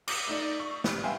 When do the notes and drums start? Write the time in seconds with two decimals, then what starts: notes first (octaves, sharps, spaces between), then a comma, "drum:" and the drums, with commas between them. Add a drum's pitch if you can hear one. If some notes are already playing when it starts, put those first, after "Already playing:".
0.08 D6 D#6 G6 B6 C#7 E7, drum: cymbal
0.27 A3 D#4 D5
0.60 C#6
0.84 G3, drum: snare
1.03 B4 E5 F5 G5 G#5 C6